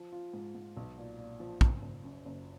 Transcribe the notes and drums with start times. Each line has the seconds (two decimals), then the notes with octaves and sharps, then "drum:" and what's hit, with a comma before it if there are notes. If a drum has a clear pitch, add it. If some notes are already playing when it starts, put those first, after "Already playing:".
Already playing: F3
0.12 F4
0.33 G#2
0.55 G#2
0.77 B1
0.98 A#2
1.19 A#2
1.40 F3
1.61 F#1, drum: kick
1.82 F#1
2.04 F#2
2.25 F#1